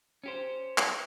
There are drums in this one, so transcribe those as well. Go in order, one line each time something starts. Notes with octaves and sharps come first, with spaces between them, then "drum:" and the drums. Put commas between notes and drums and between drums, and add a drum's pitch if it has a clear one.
C#4 G4 C5
drum: clap